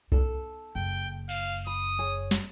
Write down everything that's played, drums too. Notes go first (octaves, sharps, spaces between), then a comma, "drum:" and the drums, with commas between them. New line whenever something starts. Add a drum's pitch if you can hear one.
B3 D#4 A4, drum: kick C2
F#1 G5
F5, drum: cymbal
B5 D#6
G#4 C#5 G#5
drum: snare